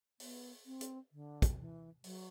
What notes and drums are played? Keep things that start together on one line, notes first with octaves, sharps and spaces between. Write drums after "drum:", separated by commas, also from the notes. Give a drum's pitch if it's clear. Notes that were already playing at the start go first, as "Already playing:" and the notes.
B3, drum: open hi-hat
C4
drum: hi-hat
D3
drum: kick, hi-hat
E3
F#3, drum: open hi-hat